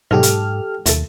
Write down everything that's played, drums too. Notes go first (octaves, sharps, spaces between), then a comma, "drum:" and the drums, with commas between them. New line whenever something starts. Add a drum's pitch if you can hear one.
B1 G#2 B2 F#3 G4 A4 F6
drum: hi-hat
D#2 A#2 A3 A4, drum: hi-hat